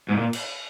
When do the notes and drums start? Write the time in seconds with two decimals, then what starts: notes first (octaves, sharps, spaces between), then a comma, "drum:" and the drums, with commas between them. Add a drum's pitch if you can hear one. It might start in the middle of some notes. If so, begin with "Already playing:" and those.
0.09 G#2
0.17 A#2
0.33 drum: cymbal